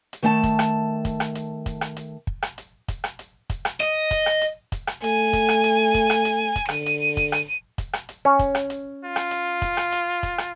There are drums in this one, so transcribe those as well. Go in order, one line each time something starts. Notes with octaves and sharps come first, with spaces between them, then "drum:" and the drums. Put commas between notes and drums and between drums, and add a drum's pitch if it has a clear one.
drum: hi-hat
D#3 A3 G5 A5
drum: kick, hi-hat
drum: rim click
drum: kick, hi-hat
drum: rim click
drum: hi-hat
drum: kick, hi-hat
drum: rim click
drum: hi-hat
drum: kick
drum: rim click
drum: hi-hat
drum: kick, hi-hat
drum: rim click
drum: hi-hat
drum: kick, hi-hat
drum: rim click
D#5, drum: hi-hat
drum: kick, hi-hat
drum: rim click
drum: hi-hat
drum: kick, hi-hat
drum: rim click
A3 G#5, drum: hi-hat
drum: kick, hi-hat
drum: rim click
drum: hi-hat
drum: kick, hi-hat
drum: rim click
drum: hi-hat
drum: kick, hi-hat
D3 D#7, drum: rim click
drum: hi-hat
drum: kick, hi-hat
drum: rim click
drum: kick, hi-hat
drum: rim click
drum: hi-hat
C#4
drum: kick, hi-hat
drum: rim click
drum: hi-hat
F4
drum: rim click
drum: hi-hat
drum: kick, hi-hat
drum: rim click
drum: hi-hat
drum: kick, hi-hat
drum: rim click